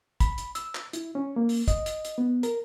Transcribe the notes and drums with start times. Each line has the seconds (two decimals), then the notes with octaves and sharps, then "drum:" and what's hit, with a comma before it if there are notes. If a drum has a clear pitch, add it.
0.20 B5, drum: kick, hi-hat
0.38 drum: hi-hat
0.55 E6, drum: hi-hat
0.75 drum: clap
0.93 E4, drum: hi-hat
1.15 C#4
1.36 A#3
1.49 drum: open hi-hat
1.68 D#5, drum: kick, hi-hat
1.86 drum: hi-hat
2.05 drum: hi-hat
2.18 B3
2.43 A#4, drum: hi-hat